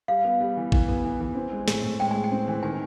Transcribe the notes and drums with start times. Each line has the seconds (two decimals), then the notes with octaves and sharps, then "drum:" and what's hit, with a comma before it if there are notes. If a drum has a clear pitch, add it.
0.08 G3 F5
0.25 B3
0.41 G3
0.57 E3
0.72 E3, drum: kick G#1
0.88 B3
1.04 E3
1.20 E3
1.35 C4
1.52 G#3
1.68 A2, drum: snare
1.83 A2
2.00 G#3 G5
2.11 G#3 G#5
2.24 G5
2.32 C4
2.48 E3
2.63 D#3 G#5